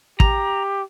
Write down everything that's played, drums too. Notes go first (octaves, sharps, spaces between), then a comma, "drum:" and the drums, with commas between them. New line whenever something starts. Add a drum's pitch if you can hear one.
G4 A#5, drum: kick